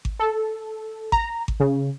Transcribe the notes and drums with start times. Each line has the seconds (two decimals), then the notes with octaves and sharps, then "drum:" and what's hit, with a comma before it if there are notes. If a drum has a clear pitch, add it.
0.05 drum: kick G#1
0.19 A4
1.12 A#5, drum: kick G#1
1.48 drum: kick G#1
1.60 C#3